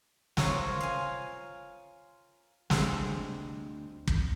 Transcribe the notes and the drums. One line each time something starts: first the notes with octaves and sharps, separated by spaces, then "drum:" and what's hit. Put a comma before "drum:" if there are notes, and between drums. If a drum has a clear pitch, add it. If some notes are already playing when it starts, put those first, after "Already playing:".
F4 A#4 C5 C#5 D#5, drum: snare
F5 G#5
D2 G3 G#3 C4, drum: snare
drum: kick